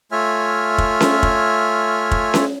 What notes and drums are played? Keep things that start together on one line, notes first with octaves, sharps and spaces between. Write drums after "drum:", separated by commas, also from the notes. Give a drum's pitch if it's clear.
A3 F4 C#5 E5 G#5 F6
drum: kick
drum: snare C#4
drum: kick
drum: kick
drum: snare C#4